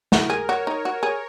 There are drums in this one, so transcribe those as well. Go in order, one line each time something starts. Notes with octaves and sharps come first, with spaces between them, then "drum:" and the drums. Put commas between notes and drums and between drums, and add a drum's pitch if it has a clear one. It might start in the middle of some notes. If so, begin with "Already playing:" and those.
F#4 A#4, drum: snare
G#4
F#4 C#5
D#4
F#4
G#4